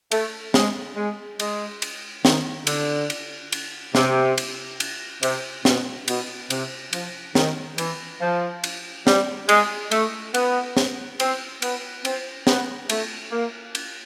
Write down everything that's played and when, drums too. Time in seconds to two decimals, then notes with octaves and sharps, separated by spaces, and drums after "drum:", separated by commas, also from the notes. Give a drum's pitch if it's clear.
0.11 A3, drum: cymbal
0.54 G#3, drum: snare
0.96 G#3
1.40 G#3, drum: cymbal
1.82 drum: cymbal
2.25 D#3, drum: snare
2.67 D3, drum: cymbal
3.10 drum: cymbal
3.52 drum: cymbal
3.95 C3, drum: snare
4.38 drum: cymbal
4.80 drum: cymbal
5.23 C3, drum: cymbal
5.65 B2, drum: snare
6.08 B2, drum: cymbal
6.50 C3, drum: cymbal
6.93 F3, drum: cymbal
7.35 D#3, drum: snare
7.78 E3, drum: cymbal
8.21 F3
8.64 drum: cymbal
9.07 G3, drum: snare
9.49 G#3, drum: cymbal
9.91 A3, drum: cymbal
10.34 B3, drum: cymbal
10.77 drum: snare
11.20 C4, drum: cymbal
11.62 B3, drum: cymbal
12.05 C4, drum: cymbal
12.47 B3, drum: snare
12.89 A3, drum: cymbal
13.32 A#3
13.75 drum: cymbal